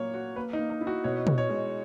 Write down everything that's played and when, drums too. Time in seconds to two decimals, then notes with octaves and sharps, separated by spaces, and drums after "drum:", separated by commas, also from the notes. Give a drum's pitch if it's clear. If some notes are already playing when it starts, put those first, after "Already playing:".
Already playing: A#2 F#3 A#3 C#5
0.14 F#4
0.36 A#3 B4
0.53 D#4
0.59 A#3
0.70 D#4
0.81 E4
0.87 F#4
1.04 B2 C#5
1.27 B2, drum: tom
1.38 C#5
1.49 G#3